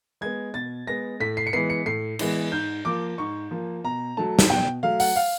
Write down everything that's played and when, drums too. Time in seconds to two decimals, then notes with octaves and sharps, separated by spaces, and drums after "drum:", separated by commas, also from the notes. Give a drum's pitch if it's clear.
0.21 G#3 B3 G#6
0.54 B2 A6
0.87 G#3 B3 A#6
1.20 A2 B6
1.37 C7
1.47 C#7
1.53 E3 G#3 B3 C7
1.70 C#7
1.86 A2 C7
2.19 E3 G#3 B3, drum: cymbal
2.52 G#2 G6
2.85 F3 A#3 D6
3.18 G#2 C#6
3.51 F3 A#3
3.84 B2 A#5
4.17 F#3 A3 A5
4.39 drum: snare
4.50 B2 G5
4.83 F#3 A3 F5
5.00 F#5, drum: open hi-hat
5.16 F5